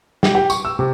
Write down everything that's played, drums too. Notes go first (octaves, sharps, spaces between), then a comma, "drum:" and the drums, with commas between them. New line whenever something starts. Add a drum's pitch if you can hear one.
G4, drum: snare
G4
C#6, drum: tambourine
E6
C3